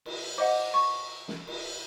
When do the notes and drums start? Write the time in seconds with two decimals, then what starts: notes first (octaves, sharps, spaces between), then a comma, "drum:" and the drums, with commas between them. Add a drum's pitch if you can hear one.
0.06 drum: cymbal
0.38 C5 D#5 F#5 D6
0.74 C#6
1.28 drum: snare
1.47 drum: cymbal